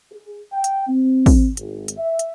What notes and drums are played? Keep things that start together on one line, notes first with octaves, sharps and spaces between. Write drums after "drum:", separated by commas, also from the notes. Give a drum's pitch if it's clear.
G#4
G5
drum: hi-hat
C4
drum: kick, open hi-hat
G#1, drum: hi-hat
drum: hi-hat
E5
drum: hi-hat